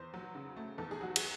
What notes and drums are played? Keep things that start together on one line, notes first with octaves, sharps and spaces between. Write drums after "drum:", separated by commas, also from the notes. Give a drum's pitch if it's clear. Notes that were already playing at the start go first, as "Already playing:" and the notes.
Already playing: E2 C5
F#3
C#3
A3
E2 A4
G#4
F#3 F#4
G#4, drum: cymbal